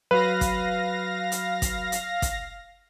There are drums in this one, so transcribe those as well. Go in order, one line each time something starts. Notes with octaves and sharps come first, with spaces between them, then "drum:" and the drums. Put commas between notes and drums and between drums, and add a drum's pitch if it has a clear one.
F#3 F#4 B4 F5 A#6
drum: kick, hi-hat
drum: hi-hat
drum: kick, hi-hat
drum: hi-hat
drum: kick, hi-hat